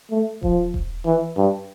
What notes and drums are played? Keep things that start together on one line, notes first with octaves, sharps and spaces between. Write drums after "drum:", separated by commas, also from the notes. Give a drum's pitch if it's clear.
A3
F3, drum: kick D#1
drum: kick D#1
E3
G2